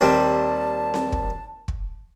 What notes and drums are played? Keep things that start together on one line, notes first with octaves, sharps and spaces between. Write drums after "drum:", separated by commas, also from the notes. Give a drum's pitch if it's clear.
D#2 G3 C4 A5
drum: snare C4
drum: kick
drum: kick